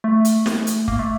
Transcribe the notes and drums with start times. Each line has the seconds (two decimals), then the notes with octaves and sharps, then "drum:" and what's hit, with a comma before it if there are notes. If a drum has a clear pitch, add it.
0.04 A3
0.25 drum: hi-hat
0.46 drum: snare
0.67 drum: hi-hat
0.88 A#3, drum: kick
0.99 A3